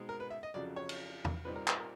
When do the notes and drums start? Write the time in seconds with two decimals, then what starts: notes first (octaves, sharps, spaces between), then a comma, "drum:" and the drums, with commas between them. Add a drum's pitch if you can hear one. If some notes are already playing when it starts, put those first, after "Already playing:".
Already playing: B2 G#3 C4 D#4
0.09 A#4
0.20 B4
0.30 E5
0.43 D#5
0.54 F2 C#3 F#3 D5
0.76 C#5
0.89 drum: cymbal
1.25 drum: tom E2
1.45 A#2 G3 C4 D#4 B4
1.56 A#4
1.68 B4, drum: clap
1.79 A#4